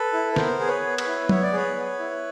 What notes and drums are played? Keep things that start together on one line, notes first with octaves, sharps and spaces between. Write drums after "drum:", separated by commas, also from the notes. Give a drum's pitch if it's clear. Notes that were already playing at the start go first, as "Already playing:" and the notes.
Already playing: A4 B4
E4
B4
B3 A#4 C5, drum: snare
G#4
B4 C#5
B3
B4 C#5, drum: cymbal
E4
B3 C#5, drum: tom F#3
D5
G#4 B4 C#5
B3
E4